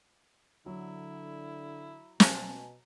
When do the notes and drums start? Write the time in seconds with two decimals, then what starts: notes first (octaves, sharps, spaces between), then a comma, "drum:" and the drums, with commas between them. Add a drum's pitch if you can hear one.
0.66 D3 F#3 E4
2.20 B2 G#5 A5, drum: snare